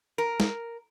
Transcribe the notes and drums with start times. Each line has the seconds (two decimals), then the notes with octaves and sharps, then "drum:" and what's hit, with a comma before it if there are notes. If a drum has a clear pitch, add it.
0.18 A#4
0.40 drum: snare